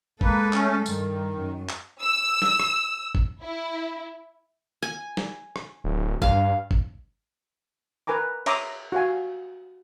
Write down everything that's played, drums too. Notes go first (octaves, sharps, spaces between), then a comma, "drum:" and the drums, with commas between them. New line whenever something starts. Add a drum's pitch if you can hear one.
G#3 A#3 A4 B4, drum: kick
A3 C#4, drum: clap
G2 D#3, drum: tambourine
F#2
drum: clap
E6
drum: snare
drum: rim click
drum: kick
E4
G#5
drum: snare
drum: rim click
D1
G2 F5, drum: kick
drum: kick
A#4 B4 G#5 A#5 D6
C#5 E5 A#5 C6 D6 D#6, drum: cymbal
F#4 G4 F5 G#5